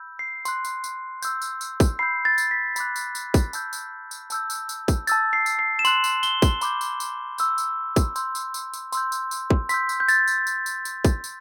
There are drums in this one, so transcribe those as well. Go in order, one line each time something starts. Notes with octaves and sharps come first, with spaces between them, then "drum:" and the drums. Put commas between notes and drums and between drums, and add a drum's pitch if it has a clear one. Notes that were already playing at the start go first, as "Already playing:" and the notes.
Already playing: B5 E6 G6
C7
C6 F#6, drum: tambourine
drum: tambourine
drum: tambourine
C6 E6 G6, drum: tambourine
drum: tambourine
drum: tambourine
drum: kick, tambourine
B5 E6 G6 C7
A6
drum: tambourine
B6
B5 D6 F#6, drum: tambourine
drum: tambourine
drum: tambourine
drum: kick, tambourine
A5 E6 G6, drum: tambourine
drum: tambourine
drum: tambourine
A5 E6 G6, drum: tambourine
drum: tambourine
drum: tambourine
drum: kick, tambourine
A5 E6 G6 A6, drum: tambourine
C7
drum: tambourine
C7
E7
C6 F#6 F#7, drum: tambourine
drum: tambourine
G7, drum: tambourine
drum: kick, tambourine
B5 D6 G6, drum: tambourine
drum: tambourine
drum: tambourine
C6 E6 G6, drum: tambourine
drum: tambourine
drum: kick, tambourine
C6 E6 G6, drum: tambourine
drum: tambourine
drum: tambourine
drum: tambourine
C6 E6 G6, drum: tambourine
drum: tambourine
drum: tambourine
drum: kick
C6 E6 G6 B6, drum: tambourine
drum: tambourine
G6
A6, drum: tambourine
drum: tambourine
drum: tambourine
drum: tambourine
drum: tambourine
drum: kick, tambourine
drum: tambourine